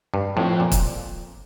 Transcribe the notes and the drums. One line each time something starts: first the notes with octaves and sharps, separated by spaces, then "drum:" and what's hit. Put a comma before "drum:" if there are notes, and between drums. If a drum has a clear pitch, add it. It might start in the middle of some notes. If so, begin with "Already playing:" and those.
G2
A2 F3 C4 F4
A#2
drum: kick, hi-hat